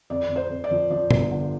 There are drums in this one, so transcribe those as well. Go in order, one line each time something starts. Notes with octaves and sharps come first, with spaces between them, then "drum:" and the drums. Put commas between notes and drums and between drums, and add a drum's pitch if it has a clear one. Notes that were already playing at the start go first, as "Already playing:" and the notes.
F2 D5
F2
C5
F2
D5
F3
F3 D5
G1, drum: tom A#2
D3